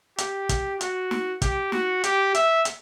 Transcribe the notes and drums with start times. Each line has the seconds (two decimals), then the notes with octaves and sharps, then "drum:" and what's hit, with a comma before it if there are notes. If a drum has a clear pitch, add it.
0.18 G4, drum: hi-hat
0.49 drum: kick, hi-hat
0.81 F#4, drum: hi-hat
1.11 drum: snare
1.42 G4, drum: kick, hi-hat
1.72 F#4, drum: snare
2.04 G4, drum: hi-hat
2.35 E5, drum: hi-hat
2.65 drum: hi-hat